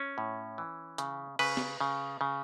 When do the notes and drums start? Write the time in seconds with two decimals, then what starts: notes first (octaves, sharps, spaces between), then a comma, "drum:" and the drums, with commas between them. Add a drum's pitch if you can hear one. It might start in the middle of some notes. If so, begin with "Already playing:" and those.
Already playing: C#4
0.18 A2
0.58 E3
0.98 C#3, drum: hi-hat
1.39 C#3 B4, drum: cymbal
1.57 drum: snare
1.81 C#3
2.21 C#3